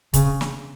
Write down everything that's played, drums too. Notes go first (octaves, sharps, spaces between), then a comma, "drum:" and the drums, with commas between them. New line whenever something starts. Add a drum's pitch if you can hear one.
C#3, drum: kick C#1, hi-hat
drum: snare